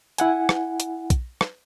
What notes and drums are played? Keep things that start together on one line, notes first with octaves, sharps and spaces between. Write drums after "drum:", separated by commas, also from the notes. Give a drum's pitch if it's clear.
E4 F#5 G#5, drum: hi-hat
drum: rim click
drum: hi-hat
drum: kick, hi-hat
drum: rim click